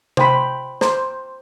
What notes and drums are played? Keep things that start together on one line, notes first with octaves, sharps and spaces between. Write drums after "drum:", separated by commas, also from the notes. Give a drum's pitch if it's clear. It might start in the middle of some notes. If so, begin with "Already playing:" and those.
C5 G5 B5, drum: tom C3
C5 A#5, drum: snare